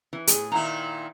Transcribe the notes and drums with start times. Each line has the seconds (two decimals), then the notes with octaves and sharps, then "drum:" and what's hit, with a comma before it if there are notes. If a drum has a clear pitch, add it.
0.13 E3
0.27 A2 G#4, drum: hi-hat
0.52 A#2 D#3 E4 A#5